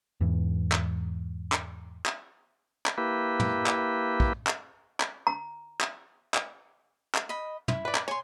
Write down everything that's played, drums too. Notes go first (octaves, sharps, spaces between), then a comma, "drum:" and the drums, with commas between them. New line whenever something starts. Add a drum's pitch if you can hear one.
E2 G#2 E3
drum: clap
drum: clap
drum: clap
drum: clap
A#3 E4 G4 B4
drum: tom
drum: clap
drum: kick
drum: clap
drum: clap
A#5
drum: clap
drum: clap
drum: clap
D#5 B5
E4, drum: tom
B4 D5
drum: clap
C#5 G#5 C6